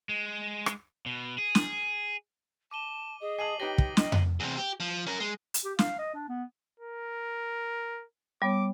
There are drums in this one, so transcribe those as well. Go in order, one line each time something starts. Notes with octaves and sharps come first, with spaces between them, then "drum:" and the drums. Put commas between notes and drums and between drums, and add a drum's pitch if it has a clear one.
G#3
drum: rim click
B2
G#4
drum: snare
A5 D6 D#7 G7
G#4 D#5
G#5 A5 D#6 C7 D#7 F#7
D#4 G4 B4 C#5 G5 A#6 B6 G7
drum: kick
D#5, drum: snare
drum: tom F2
E2 C3
G4
F3
C#4 A#4
G#3
drum: hi-hat
G4
F5, drum: snare
D#5
D4
B3
A#4
G3 B3 C#5 D6